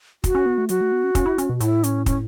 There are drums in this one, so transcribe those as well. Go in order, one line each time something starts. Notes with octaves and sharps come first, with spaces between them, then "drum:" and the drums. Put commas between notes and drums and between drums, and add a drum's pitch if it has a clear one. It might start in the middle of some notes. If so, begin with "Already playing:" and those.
F#4, drum: kick, hi-hat
C#4
B3
A3
F#3 F#4, drum: hi-hat
A3
B3
C#4
C#4, drum: kick, hi-hat
E4
C#4, drum: hi-hat
B2
A2 E4, drum: hi-hat
C#4, drum: hi-hat
C#4, drum: kick, hi-hat